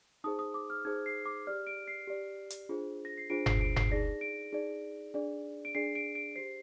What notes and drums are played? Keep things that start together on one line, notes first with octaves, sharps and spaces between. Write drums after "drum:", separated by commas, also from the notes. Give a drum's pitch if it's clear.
D#4 G#4 C5 D#6
D#6
D6
F6
D#4 G#4 C5 G#6
C7
D6
G4 D5 F6
D7
C7
G4 D5
drum: hi-hat
D4 F4 G#4 C5
A#6
C7
D4 F4 G#4 C5 D7
C7, drum: tom F#1
D7
C7, drum: tom F#1
D#4 G#4 D5 A#6
D7
D#4 G#4 D5
D4 G#4 D5
D7
D4 G#4 D5 C7
D7
D7
G4 C5 C7